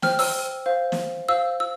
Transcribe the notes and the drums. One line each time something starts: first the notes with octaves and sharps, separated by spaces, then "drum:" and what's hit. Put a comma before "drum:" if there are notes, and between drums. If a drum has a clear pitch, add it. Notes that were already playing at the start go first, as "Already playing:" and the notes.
C5 G5 F6, drum: snare
E6, drum: open hi-hat
C5 F5
drum: snare
C5 F5 E6
E6